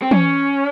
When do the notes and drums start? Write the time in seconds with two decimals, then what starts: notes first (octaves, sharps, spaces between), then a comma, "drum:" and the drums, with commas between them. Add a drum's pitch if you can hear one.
0.02 C4
0.11 C#4, drum: tom E3